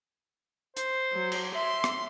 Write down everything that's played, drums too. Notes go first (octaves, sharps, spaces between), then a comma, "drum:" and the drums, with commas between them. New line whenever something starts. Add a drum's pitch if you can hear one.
C5, drum: hi-hat
F#3
drum: cymbal
E5 C6
drum: rim click